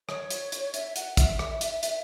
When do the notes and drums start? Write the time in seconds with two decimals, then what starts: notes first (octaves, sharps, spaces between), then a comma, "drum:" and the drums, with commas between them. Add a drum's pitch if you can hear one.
0.09 C#5, drum: rim click
0.30 drum: hi-hat
0.52 drum: hi-hat
0.74 E5, drum: hi-hat
0.96 F#5, drum: hi-hat
1.17 E5, drum: kick, hi-hat
1.39 drum: rim click
1.61 drum: hi-hat
1.83 drum: hi-hat